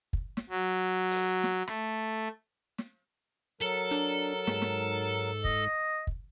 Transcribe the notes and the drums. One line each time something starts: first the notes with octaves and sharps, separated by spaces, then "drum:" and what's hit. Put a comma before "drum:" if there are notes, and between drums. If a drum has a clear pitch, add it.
drum: kick
drum: snare
F#3
drum: open hi-hat
drum: snare
A3, drum: rim click
drum: snare
F#3 A4 A#4
D4, drum: hi-hat
G#2, drum: snare
drum: snare
D#5, drum: kick
drum: kick